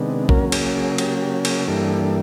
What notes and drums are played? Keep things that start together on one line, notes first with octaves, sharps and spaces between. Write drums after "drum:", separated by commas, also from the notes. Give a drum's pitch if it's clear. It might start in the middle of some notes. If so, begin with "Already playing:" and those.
Already playing: C3 D#3 G#3 B3 D4
C#3 F#3 A#3 C#4 A#4, drum: kick A#1
G#4, drum: cymbal
G#4
G4, drum: cymbal
G4
G#4, drum: cymbal
G2 E3 G3 A#3 D4 A4